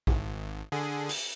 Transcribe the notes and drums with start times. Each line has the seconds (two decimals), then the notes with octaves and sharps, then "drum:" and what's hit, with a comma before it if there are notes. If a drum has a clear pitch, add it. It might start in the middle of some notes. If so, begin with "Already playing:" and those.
0.07 G#1, drum: kick A#1
0.72 D3 G#4
1.09 drum: open hi-hat